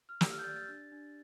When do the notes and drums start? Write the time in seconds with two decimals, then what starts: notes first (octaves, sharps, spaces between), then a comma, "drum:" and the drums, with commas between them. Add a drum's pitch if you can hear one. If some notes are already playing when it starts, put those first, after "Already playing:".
0.09 F6
0.21 G4 E6, drum: snare
0.32 F6
0.39 G6
0.44 D5 A6
0.56 A6
0.68 D4
0.92 D4